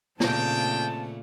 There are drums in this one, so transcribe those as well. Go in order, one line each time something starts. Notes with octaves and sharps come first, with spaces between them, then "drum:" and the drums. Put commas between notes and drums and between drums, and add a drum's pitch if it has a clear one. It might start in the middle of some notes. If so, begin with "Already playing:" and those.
A#2 C#3 A3 C4 G5 A5, drum: snare